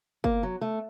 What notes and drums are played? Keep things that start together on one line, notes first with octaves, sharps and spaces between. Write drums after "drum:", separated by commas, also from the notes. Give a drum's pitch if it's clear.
A#3, drum: kick
F#3
A3